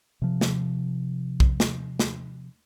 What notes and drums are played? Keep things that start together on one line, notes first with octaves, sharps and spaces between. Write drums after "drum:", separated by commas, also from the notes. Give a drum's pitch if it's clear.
C3 F3
drum: snare
drum: kick B1
drum: snare
drum: snare